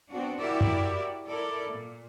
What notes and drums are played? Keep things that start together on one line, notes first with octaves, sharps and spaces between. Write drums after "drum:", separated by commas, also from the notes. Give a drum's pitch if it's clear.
B3 C4 D4 F#4
E4 F#4 G4 A#4 D5 E5
drum: tom F#2
E4 A4 A#4 D5
A#2